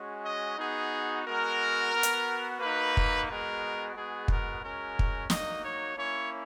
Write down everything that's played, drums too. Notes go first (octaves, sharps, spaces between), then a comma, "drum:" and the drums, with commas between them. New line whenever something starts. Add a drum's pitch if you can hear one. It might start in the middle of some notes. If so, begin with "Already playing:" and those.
Already playing: G#3 C#4 F#4
D#5
B3 D#4 F#4 G#4
G#3 B3 F#4 A#4
B3 F#4
drum: hi-hat
A#3 D#4 F#4 B4
drum: kick
G#3 B3 F#4 A#4
G#3 B3 F#4 G#4
A#4, drum: kick
G#3 C#4 F#4 A#4
drum: kick
A#3 D#4 F#4 D#5, drum: snare
C#5
A#3 C#4 E4 C#5